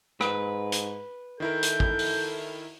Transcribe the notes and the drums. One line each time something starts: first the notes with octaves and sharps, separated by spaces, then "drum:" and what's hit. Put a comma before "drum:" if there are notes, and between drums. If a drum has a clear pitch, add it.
G#2 B4, drum: rim click
drum: hi-hat
D#3 E4 A4 A#4 G6
drum: hi-hat
drum: kick
drum: open hi-hat